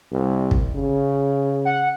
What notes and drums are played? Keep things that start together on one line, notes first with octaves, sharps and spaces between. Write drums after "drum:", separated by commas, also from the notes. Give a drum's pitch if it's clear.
C2
drum: kick
C#3
F#5